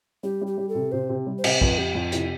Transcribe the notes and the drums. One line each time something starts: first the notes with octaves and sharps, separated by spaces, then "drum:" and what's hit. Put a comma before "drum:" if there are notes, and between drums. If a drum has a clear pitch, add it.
G3 G4
G3
G4
G3
A4
C3
C3 C5
C3
G3
C5
C3, drum: cymbal
F2 B4, drum: kick
F2 G4
F2 F4
C3 E4, drum: hi-hat